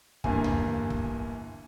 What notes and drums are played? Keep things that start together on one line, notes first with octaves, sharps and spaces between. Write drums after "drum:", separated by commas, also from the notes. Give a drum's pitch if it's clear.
G1 G2 E3 A#3 G#5, drum: kick
drum: tom D2
drum: kick